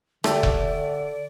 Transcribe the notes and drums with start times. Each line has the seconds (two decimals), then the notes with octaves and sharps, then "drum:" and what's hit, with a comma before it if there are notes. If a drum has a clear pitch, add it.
0.24 D3 A3 G4 D5, drum: rim click
0.43 drum: kick F1